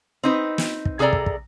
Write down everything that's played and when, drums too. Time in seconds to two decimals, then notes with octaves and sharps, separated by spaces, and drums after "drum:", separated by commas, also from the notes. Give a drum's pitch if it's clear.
0.23 C4 D#4 B4
0.58 drum: snare
0.85 drum: kick
0.99 C3 G#4 A4 D5 A#5
1.13 drum: kick
1.26 drum: kick